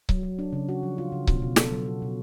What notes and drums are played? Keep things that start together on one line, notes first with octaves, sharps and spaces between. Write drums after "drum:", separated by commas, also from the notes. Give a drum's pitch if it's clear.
F#3, drum: kick C#1
F#3
D4
C#3
F#4
F3
F4
C#3
B2, drum: kick C#1
B2
A4, drum: snare
F#3
F#4
B2